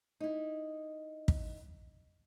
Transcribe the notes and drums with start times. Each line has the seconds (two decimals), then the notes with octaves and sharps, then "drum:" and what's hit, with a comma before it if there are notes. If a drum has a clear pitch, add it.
0.20 D#4 E4
1.28 drum: kick